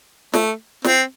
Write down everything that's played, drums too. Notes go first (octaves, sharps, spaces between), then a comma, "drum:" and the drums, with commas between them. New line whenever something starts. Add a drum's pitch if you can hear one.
A3, drum: snare
C4, drum: snare